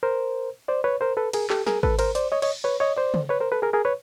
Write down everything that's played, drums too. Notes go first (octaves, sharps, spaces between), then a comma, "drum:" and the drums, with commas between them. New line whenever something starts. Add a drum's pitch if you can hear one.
A#4 C5
C5 D5
B4 C#5
A#4 C5
A4 B4
G#4 A#4, drum: cymbal
G4 A4, drum: clap
G#4 A#4, drum: snare
A4 B4, drum: kick G#1
A#4 C5, drum: cymbal
C5 D5, drum: hi-hat
C#5 D#5
C#5 D#5, drum: cymbal
B4 C#5
C#5 D#5
C5 D5
drum: tom C#3
B4 C#5
A#4 C5
A4 B4
G#4 A#4
G#4 A#4
B4 C#5